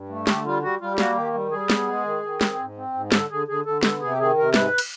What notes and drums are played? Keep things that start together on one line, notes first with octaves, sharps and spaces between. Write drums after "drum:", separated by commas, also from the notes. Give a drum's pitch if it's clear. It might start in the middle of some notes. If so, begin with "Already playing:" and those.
Already playing: G2
A3
D3 G4, drum: snare
G3 F4
G3 F#4
G3 F4
G4
A#3 F#4, drum: snare
D#3 G4
G3
G3 G#4
B3, drum: snare
G#3
D#3
D#3
C4, drum: snare
G#2
C4
G#2
D3 A4, drum: snare
D3 G#4
D3 G#4
D3 A4
B3 A4, drum: snare
C3 G#4
G4
D#3 G#4
C3 A#4
G#2 B4, drum: snare
drum: cymbal